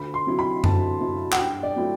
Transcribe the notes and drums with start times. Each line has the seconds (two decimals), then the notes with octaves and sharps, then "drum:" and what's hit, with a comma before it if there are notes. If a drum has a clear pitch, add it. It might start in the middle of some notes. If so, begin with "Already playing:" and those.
Already playing: D2 B5
0.14 C6
0.26 C3 F#3 C4 E4
0.39 B5
0.64 D2 A5, drum: tom F#2
1.01 C3 F#3 C4 E4
1.32 F#5, drum: clap
1.38 G2 G5
1.63 D5
1.76 F#3 A3 C4 E4